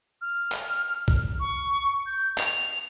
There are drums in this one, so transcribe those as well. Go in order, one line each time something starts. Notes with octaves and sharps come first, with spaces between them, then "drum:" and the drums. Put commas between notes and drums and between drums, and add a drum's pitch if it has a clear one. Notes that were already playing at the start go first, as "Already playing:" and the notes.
F6
drum: clap
drum: kick B1
C#6
G6
F7, drum: clap